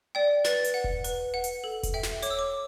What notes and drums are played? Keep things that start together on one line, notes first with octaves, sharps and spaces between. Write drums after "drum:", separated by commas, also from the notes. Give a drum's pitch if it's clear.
D5 G5
B4 A6, drum: snare
drum: hi-hat
F#5
drum: kick E1
B4, drum: hi-hat
F#5
drum: hi-hat
A4
drum: kick E1, hi-hat
E5 G5
drum: snare
C#5 D6, drum: hi-hat
E6
D6